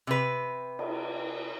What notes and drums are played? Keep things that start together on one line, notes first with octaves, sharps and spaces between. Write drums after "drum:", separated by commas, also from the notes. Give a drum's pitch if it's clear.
C3 B4
drum: cymbal